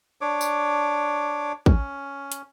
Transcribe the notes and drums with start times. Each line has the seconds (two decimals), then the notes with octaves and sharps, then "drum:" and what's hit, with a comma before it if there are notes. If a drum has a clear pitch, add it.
0.21 D4 C#5 D6
0.41 drum: tambourine
1.66 C#4, drum: kick
2.32 drum: hi-hat